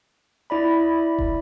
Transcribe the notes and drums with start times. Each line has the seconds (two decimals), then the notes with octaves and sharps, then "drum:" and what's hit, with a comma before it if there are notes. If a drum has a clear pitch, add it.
0.50 E4 D5 B5
1.19 drum: kick